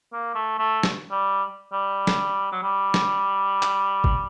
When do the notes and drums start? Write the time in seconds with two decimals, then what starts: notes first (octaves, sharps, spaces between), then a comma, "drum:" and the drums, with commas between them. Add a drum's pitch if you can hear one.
0.13 A#3
0.35 A3
0.59 A3
0.83 drum: snare
1.11 G3
1.72 G3
2.07 drum: snare
2.52 F#3
2.63 G3
2.94 drum: snare
3.63 drum: clap
4.04 drum: kick G#1